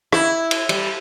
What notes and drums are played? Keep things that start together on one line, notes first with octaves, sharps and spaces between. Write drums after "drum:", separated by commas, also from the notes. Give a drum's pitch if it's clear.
E4, drum: rim click
drum: cymbal
G3, drum: cymbal